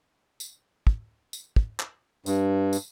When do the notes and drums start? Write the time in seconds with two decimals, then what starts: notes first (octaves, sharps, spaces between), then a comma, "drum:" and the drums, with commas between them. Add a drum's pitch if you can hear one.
0.40 drum: tambourine
0.87 drum: kick
1.33 drum: tambourine
1.56 drum: kick
1.80 drum: clap
2.26 G2, drum: tambourine
2.73 drum: tambourine